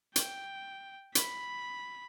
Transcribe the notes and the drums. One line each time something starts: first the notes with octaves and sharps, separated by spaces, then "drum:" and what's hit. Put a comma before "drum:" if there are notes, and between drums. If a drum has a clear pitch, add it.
G5, drum: hi-hat
B5, drum: hi-hat